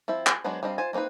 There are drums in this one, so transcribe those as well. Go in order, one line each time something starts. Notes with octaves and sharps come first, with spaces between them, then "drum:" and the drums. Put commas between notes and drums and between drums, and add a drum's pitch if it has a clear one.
F3 C4 E4 E5
G#5, drum: clap
F#3 G#3 B3 D4 C5
G3 C4 D4 D#5 F5
F4 C5 G#5
A#3 C4 C#4 D#4 B4